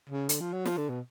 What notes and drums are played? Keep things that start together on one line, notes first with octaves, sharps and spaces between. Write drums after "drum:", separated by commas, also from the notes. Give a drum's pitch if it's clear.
C#3
D3, drum: hi-hat
F3
F#3
F3, drum: snare
D3
B2